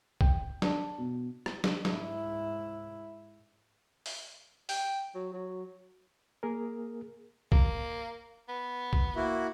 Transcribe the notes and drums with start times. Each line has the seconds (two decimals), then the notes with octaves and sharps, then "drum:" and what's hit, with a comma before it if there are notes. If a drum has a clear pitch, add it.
0.21 G5, drum: kick
0.62 D4, drum: snare
0.98 B2
1.46 drum: rim click
1.64 drum: snare
1.85 G#2 E4, drum: snare
4.06 drum: open hi-hat
4.69 G5, drum: open hi-hat
5.15 F#3
5.33 F#3
6.43 A#3 G#4 A#4
7.52 A#3, drum: kick
8.48 B3
8.93 drum: kick
9.16 A#3 E4 F#4